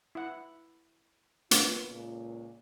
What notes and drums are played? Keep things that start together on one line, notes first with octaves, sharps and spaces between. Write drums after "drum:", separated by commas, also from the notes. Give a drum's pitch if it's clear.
E4 F#5
A#3 B3 F4, drum: hi-hat
C#2 A#2